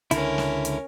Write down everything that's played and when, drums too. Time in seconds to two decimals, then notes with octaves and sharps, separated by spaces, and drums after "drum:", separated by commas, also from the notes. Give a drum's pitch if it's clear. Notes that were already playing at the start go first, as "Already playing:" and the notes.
0.11 C#2 D3 C#4 E4 A#4, drum: hi-hat
0.38 drum: snare
0.65 drum: hi-hat